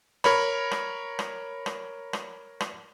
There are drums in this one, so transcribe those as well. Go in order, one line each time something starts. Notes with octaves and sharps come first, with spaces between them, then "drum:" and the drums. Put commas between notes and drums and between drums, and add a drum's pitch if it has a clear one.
A#4 C#5 B5, drum: rim click
drum: rim click
drum: rim click
drum: rim click
drum: rim click
drum: rim click